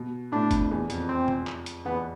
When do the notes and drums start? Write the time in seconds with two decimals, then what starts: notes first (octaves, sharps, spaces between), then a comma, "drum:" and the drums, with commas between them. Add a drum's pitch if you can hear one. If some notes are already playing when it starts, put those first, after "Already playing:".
Already playing: B2
0.32 A2 D4
0.51 F2, drum: kick, hi-hat
0.71 E2
0.90 F2, drum: hi-hat
1.09 C4
1.28 drum: tom
1.47 drum: clap
1.66 drum: hi-hat
1.85 E2 B3